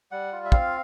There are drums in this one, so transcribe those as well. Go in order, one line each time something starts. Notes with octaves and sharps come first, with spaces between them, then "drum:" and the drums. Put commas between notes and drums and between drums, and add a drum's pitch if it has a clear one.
G3 F#5
F4
E5
C4 F5, drum: kick